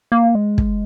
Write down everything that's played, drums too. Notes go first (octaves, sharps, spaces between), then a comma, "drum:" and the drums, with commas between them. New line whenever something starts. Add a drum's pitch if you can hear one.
A#3
G#3
drum: kick